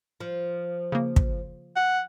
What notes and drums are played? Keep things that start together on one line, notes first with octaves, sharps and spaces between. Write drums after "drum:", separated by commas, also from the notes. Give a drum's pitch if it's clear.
F3
C#3 A#3
drum: kick
F#5